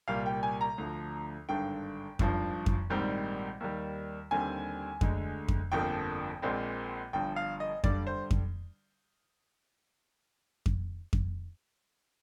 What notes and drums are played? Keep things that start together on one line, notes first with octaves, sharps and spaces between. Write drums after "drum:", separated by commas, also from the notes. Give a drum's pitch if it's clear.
C2 A#2 G3 A#3 F5
G5
G#5
A#5
D2 D3 F3
G#1 G2 D3 G5
G#1 G2 F3, drum: kick F2
drum: kick F2
A#1 G#2 D#3 G3 C4
D#2 D#3 G3
D#2 D3 G3 C4 G#5
D2 D3 G#3, drum: kick F2
drum: kick F2
G1 F2 D3 F3 A#3 G5
A#1 A#2 G#3 C4
G1 G2 F3 G5
F5
D#5
G2 D3 G3 D5, drum: kick F2
C5
drum: kick F2
drum: kick F2
drum: kick F2